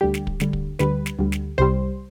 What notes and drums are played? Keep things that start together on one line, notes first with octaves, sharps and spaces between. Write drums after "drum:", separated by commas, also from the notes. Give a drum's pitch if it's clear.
D2 D3 G3 G4
drum: snare
drum: kick
D2 D3 G3, drum: snare
drum: kick
D2 D3 G3 B4, drum: snare
drum: snare
D2 D3 G3
drum: snare
C2 C3 G3 C5